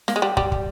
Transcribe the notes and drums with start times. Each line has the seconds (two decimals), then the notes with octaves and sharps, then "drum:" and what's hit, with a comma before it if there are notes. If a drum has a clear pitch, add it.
0.08 A#3, drum: snare
0.16 G#3
0.22 G3
0.37 G3, drum: kick
0.52 drum: kick